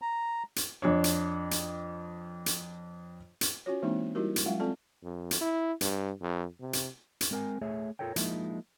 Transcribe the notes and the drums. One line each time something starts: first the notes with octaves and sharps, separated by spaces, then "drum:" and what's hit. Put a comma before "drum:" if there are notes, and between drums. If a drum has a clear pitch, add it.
A#5
drum: hi-hat
F2 D4 C#5
drum: hi-hat
drum: hi-hat
drum: hi-hat
drum: hi-hat
C#4 F4 F#4 C#5
E3 G#3 A#3 C4 D4 D#4
G3 D#4 E4 F#4 G4 A#4
drum: hi-hat
F#3 G#3 C#4 F4 F5 F#5
C4 F4 A4 D5 A5
F2
drum: hi-hat
E4
G2, drum: hi-hat
F2
C3
drum: hi-hat
drum: hi-hat
G#3 C4 A#4 G5 G#5
A3 G#4 C#5 E5
F4 A4 A#4 C#5 G5
F3 G#3 A#3 D#4 E4, drum: hi-hat